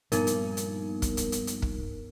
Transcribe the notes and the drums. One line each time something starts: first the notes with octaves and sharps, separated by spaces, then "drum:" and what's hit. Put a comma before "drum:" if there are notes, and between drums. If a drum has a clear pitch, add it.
G2 A#2 F3 B3 D#4 A#4, drum: hi-hat
drum: hi-hat
drum: hi-hat
drum: kick, hi-hat
drum: hi-hat
drum: hi-hat
drum: hi-hat
drum: kick